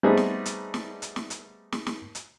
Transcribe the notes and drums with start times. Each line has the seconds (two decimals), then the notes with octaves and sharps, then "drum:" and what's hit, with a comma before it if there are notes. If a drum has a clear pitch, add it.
0.03 G3 A3 B3 C4 D#4 G#4
0.17 drum: snare
0.46 drum: hi-hat
0.74 drum: snare
1.02 drum: hi-hat
1.16 drum: snare
1.30 drum: hi-hat
1.72 drum: snare
1.87 drum: snare
2.15 drum: hi-hat